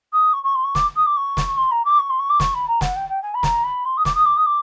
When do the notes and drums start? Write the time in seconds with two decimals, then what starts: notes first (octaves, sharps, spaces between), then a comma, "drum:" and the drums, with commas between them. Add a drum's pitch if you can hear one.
0.13 D#6
0.33 C#6
0.43 C#6
0.55 C6
0.64 C#6
0.75 D6, drum: snare
0.96 D#6
1.06 D6
1.17 C#6
1.37 drum: snare
1.57 C6
1.71 A#5
1.85 D6
1.99 C#6
2.10 C6
2.19 C#6
2.29 D6
2.40 C#6, drum: snare
2.54 B5
2.68 A#5
2.81 F#5, drum: snare
2.96 G5
3.09 G5
3.22 G#5
3.34 B5
3.43 A#5, drum: snare
3.64 B5
3.85 C6
3.97 D#6
4.05 D6, drum: snare
4.15 D#6
4.25 D6
4.37 D#6
4.46 D6